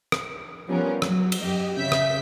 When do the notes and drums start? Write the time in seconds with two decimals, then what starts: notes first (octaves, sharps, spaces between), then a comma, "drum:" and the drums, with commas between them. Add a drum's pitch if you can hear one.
0.12 drum: rim click
0.67 F3 G3 B3 C#4 A#4
1.02 F#3, drum: rim click
1.32 drum: cymbal
1.42 F#2 G4 D#5
1.77 C#3 E5 G6 B6
1.92 drum: rim click